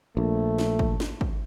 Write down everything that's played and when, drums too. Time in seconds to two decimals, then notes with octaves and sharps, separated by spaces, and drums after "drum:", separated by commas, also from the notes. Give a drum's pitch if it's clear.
0.17 A#1 A3
0.58 drum: snare
0.79 drum: kick
1.00 drum: snare
1.21 drum: kick